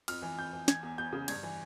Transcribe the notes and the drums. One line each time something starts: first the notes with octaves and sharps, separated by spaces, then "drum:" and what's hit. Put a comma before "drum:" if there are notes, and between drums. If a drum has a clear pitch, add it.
F2 F6, drum: cymbal
E3
F2 G6
E3
E3 G#6, drum: snare
E2
E2 G6
C#3
G2 G#6, drum: cymbal
E3